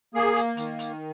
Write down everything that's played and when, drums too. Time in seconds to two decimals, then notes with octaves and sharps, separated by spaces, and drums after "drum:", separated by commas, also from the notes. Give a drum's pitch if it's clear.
0.15 A#3 G#4
0.36 drum: hi-hat
0.57 D#3, drum: hi-hat
0.79 drum: hi-hat